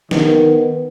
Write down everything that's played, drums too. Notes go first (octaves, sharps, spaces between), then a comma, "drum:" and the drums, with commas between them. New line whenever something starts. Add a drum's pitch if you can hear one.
D#3 B3, drum: snare